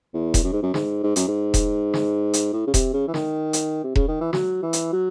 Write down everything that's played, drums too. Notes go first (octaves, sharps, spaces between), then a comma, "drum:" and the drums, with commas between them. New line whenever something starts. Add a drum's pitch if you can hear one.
E2
drum: kick E1, hi-hat
F#2
G#2
F#2
G#2, drum: snare
G#2
F#2, drum: hi-hat
G#2
drum: kick E1, hi-hat
drum: snare
drum: hi-hat
A2
C#3
C3, drum: kick E1, hi-hat
C#3
E3
D#3, drum: snare
drum: hi-hat
C3
C#3, drum: kick E1
D#3
E3
F#3, drum: snare
E3
drum: hi-hat
F#3